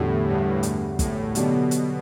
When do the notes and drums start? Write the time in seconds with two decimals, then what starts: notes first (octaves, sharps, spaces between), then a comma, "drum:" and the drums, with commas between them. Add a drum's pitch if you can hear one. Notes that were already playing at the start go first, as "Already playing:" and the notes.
Already playing: E2 A2 D3 G3 B3 F#4
0.27 G2
0.63 drum: hi-hat
0.99 A2, drum: kick, hi-hat
1.35 B2 D3 F#3 B3 D4 G4, drum: hi-hat
1.71 drum: hi-hat